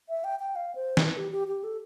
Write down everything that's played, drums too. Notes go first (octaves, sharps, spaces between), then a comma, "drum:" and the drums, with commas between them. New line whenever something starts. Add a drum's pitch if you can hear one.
E5
G5
G5
F5
C5
B4, drum: snare
G4
G4
G4
A4